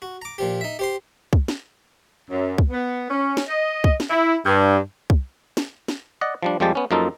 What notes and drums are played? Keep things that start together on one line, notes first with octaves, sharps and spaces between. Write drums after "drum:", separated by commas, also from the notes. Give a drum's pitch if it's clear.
F#4
A#5 D6
A#2 F3 G4
D#4 E5
G4 C5 C6
drum: kick
drum: snare
F#2
drum: kick
B3
C#4
drum: snare
D#5
drum: kick
drum: snare
E4
G2
drum: kick
drum: snare
drum: snare
D5 D#5 F#5
F3 G3 D4
F2 F3 G3 G#3 G4 A5
B3 C#4
F#2 F3 A#3 D#4 F4 A4